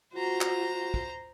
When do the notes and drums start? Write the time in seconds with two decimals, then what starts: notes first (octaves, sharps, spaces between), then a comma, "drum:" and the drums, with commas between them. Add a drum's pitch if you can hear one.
0.15 F4 F#4 C5 A#5
0.41 drum: clap
0.94 drum: kick